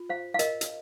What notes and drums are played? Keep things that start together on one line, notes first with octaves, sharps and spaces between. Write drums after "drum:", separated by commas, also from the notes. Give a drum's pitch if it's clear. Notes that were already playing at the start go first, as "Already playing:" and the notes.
Already playing: F4
C5 F5
F5
A#4 D#5, drum: hi-hat
drum: hi-hat